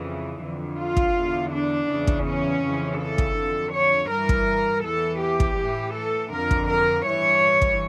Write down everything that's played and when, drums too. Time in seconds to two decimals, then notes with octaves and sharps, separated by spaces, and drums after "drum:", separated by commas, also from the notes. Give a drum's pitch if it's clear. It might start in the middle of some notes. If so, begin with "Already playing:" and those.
Already playing: F2 C#3 E3
0.41 F2 D3
0.78 F4
0.97 drum: kick
1.15 E2 D3
1.52 D4
1.89 E2 C#3 E3
2.07 drum: kick
2.26 C#4
2.63 F2 C#3 E3
2.99 A4
3.18 drum: kick
3.37 F2 D3
3.74 C#5
4.11 G2 E3 A#4
4.29 drum: kick
4.84 E2 E3 A4
5.22 G4
5.40 drum: kick
5.59 A2 E3
5.96 A4
6.32 F2 D3 A#4
6.51 drum: kick
6.70 A#4
7.06 G2 E3 C#5
7.62 drum: kick